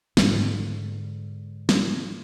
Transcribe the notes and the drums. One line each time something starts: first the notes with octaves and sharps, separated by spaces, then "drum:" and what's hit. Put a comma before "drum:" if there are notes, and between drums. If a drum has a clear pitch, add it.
G#2 D3, drum: snare
drum: snare